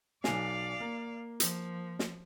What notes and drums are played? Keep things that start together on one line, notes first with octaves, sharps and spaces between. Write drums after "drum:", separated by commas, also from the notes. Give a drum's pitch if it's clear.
B1 D5 F5 G#5, drum: snare
A#3
F3, drum: hi-hat
drum: snare